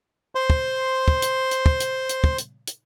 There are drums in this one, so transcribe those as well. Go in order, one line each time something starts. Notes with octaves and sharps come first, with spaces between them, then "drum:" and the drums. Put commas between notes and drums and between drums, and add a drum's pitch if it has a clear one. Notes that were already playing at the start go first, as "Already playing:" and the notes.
C5 C6
drum: kick
drum: kick
drum: hi-hat
drum: hi-hat
drum: kick
drum: hi-hat
drum: hi-hat
drum: kick
drum: hi-hat
drum: hi-hat